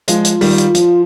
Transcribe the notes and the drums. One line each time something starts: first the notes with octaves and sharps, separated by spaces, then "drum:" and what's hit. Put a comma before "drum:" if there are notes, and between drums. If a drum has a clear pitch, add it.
F3 G#3 F4, drum: hi-hat
drum: hi-hat
D#3 G3, drum: open hi-hat
drum: hi-hat
F3, drum: hi-hat